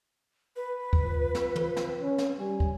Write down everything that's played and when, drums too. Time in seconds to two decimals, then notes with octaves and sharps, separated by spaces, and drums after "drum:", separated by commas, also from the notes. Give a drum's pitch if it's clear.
0.56 B4
0.93 drum: kick
1.03 F3
1.35 drum: snare
1.56 drum: tom
1.77 drum: snare
2.01 C#4
2.18 drum: snare
2.39 G3 G#5
2.60 drum: kick